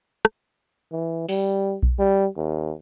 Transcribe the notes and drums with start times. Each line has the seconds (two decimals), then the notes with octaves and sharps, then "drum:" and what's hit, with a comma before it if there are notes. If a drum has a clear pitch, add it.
0.25 drum: rim click
0.92 E3
1.29 G3, drum: open hi-hat
1.83 drum: kick B1
1.99 G3
2.37 D#2